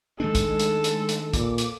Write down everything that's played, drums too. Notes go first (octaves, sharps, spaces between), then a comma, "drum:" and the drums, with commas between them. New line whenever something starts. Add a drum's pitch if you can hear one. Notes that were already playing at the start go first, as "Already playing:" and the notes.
D#3 G#3 A3 D4 A4
drum: kick, hi-hat
drum: hi-hat
drum: hi-hat
drum: hi-hat
A#2 D6, drum: kick, hi-hat
drum: hi-hat